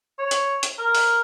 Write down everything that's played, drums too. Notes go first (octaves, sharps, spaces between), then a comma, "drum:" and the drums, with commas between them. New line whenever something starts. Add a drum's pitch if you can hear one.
C#5
drum: hi-hat
drum: hi-hat
A#4
drum: open hi-hat